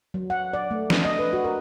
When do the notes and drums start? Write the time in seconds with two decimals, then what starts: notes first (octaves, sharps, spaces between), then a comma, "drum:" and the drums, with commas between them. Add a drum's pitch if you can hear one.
0.14 F#3
0.30 F#5
0.53 D5
0.71 A3
0.90 D4, drum: snare
1.05 D#5
1.19 B4
1.33 F#4
1.44 A#4